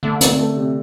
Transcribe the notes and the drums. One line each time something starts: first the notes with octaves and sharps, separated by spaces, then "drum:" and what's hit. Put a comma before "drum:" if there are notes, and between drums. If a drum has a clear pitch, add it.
D3 A3
C4, drum: hi-hat
A3
C3